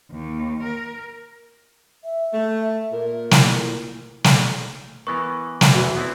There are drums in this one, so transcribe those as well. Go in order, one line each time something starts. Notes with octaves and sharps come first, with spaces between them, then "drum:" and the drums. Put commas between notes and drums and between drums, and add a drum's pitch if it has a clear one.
D#2
A#4
E5
A3
A#2 A#4
E4, drum: snare
drum: snare
E3 B3 A#4 C#6
drum: snare
E2 E3 F#4
B3 C4 E4